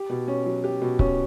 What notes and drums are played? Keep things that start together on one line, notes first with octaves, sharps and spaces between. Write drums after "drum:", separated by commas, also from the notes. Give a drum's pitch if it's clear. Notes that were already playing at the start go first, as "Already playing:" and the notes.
Already playing: G4
B2
C#4
F#3
G4
B2
C#4, drum: kick C#1